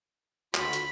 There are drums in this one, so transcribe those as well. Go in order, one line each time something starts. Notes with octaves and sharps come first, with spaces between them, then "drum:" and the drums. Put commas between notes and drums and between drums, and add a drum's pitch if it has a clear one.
D2 F4 F#4 B5, drum: clap
drum: hi-hat